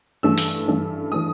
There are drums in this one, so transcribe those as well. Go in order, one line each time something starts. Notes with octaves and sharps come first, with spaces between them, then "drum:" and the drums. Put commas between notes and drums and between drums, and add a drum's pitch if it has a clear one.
G2 E3 A3 E6
drum: open hi-hat
G2 E3 A3
E3 A3 D#6